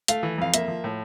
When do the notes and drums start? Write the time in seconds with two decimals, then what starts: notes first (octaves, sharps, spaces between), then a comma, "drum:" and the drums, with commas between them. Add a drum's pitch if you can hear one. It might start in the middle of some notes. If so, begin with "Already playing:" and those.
0.08 A3 F5, drum: hi-hat
0.23 E3
0.38 F2 F5
0.54 A#3 E5, drum: hi-hat
0.68 F3
0.84 A2